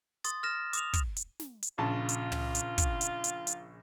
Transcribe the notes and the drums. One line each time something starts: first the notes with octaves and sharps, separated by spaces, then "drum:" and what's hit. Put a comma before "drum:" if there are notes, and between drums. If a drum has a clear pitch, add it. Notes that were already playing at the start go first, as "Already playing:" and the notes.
C6 D#6 A6, drum: hi-hat
F6 A6 A#6 E7
D6 D#6 F7, drum: hi-hat
drum: kick, hi-hat
drum: hi-hat
drum: snare
drum: hi-hat
A#1 C#3 F4 A5
drum: hi-hat
drum: tom
drum: hi-hat
drum: kick, hi-hat
drum: hi-hat
drum: hi-hat
drum: hi-hat